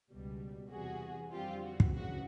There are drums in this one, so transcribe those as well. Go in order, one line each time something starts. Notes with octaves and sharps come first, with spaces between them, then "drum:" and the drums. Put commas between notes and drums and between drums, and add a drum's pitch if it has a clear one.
C#2 B2 G3
E2 C3 E3 G3 F#4 G#4
F2 D3 G3 C4 F4 G4
F#4
drum: kick
D2 C#3 E3 F#4